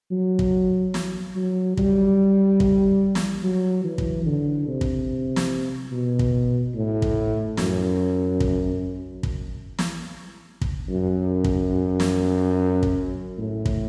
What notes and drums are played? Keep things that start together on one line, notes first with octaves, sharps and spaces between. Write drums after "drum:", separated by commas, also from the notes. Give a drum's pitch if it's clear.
F#3
drum: kick
drum: snare
F#3
G3, drum: kick
drum: kick
drum: snare
F#3
E3
drum: kick
D3
C3
drum: kick
drum: snare
B2
drum: kick
A2
drum: kick
F#2, drum: snare
drum: kick
drum: kick
drum: snare
drum: kick
F#2
drum: kick
drum: snare
drum: kick
A2
drum: kick